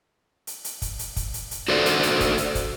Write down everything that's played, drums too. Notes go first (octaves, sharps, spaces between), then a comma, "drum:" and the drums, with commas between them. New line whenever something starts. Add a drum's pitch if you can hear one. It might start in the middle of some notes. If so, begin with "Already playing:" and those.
drum: hi-hat
drum: hi-hat
drum: kick, hi-hat
drum: hi-hat
drum: kick, hi-hat
drum: hi-hat
drum: hi-hat
F#4 A4 C5 D5
drum: hi-hat
drum: hi-hat
drum: kick, hi-hat
drum: hi-hat
drum: kick, hi-hat